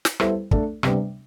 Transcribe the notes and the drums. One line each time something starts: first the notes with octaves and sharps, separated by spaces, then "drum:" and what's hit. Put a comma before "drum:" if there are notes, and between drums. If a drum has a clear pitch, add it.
drum: snare
G3 B3 E4 A4 C5, drum: rim click
A3 D4 A4, drum: kick
C3 G3 B3 D4, drum: rim click